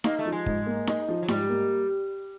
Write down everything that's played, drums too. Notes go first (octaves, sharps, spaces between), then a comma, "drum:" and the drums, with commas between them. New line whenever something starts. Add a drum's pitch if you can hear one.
A#3 D#4, drum: snare D#4
A3
F3
G#3
G#2, drum: kick
A#3
D#4, drum: snare D#4
F3
F#3
G#2 G3, drum: snare D#4
A#3